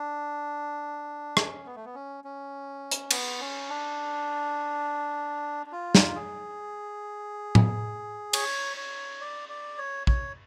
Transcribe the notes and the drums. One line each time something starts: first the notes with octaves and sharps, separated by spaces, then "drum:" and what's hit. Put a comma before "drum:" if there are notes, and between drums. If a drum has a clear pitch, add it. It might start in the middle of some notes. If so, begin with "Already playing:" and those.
Already playing: D4
C#4, drum: rim click
B3
A3
B3
C#4
C#4
drum: hi-hat
B3, drum: cymbal
C#4
D4
D4
F4
drum: snare
G#4
drum: tom A2
C#5, drum: cymbal
C#5
D5
D5
C#5
C#5, drum: kick A#1